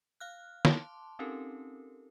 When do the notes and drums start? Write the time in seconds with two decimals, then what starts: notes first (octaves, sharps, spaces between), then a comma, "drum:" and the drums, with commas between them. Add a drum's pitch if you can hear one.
0.20 F5 F6 F#6
0.65 A5 C6 D6, drum: snare
1.19 C4 C#4 D#4 G4 A4 A#4